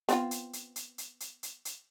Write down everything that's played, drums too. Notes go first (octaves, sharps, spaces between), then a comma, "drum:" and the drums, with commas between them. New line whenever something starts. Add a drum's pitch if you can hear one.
B3 C4 F4, drum: hi-hat
drum: hi-hat
drum: hi-hat
drum: hi-hat
drum: hi-hat
drum: hi-hat
drum: hi-hat
drum: hi-hat